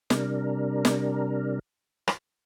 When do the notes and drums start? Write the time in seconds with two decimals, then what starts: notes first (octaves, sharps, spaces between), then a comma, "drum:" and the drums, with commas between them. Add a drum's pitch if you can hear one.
0.10 C3 G3 D4 A#4, drum: snare
0.85 drum: snare
2.08 drum: rim click